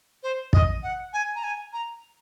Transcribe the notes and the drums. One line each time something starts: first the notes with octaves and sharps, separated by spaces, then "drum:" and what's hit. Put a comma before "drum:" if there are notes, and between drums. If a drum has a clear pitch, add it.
C5
D#5, drum: kick
F#5
G#5
A#5
G#5
A#5